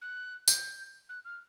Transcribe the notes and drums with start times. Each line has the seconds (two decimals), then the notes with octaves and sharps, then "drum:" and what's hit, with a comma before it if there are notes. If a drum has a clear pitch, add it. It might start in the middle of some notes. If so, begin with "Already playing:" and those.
0.01 F#6
0.48 G6, drum: tambourine
1.09 F#6
1.25 F6